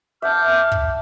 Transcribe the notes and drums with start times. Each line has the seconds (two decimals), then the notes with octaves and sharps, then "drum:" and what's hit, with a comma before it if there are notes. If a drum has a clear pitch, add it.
0.22 E5 F#5 A5 D6 F6 G6
0.72 drum: kick